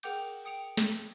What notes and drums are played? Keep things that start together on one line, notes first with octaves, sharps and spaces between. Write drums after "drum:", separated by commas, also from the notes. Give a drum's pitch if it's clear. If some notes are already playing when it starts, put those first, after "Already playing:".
G#4 A#4 F#5 G5 D6 G6, drum: cymbal
G5 D#6 C#7 D7 F7
drum: snare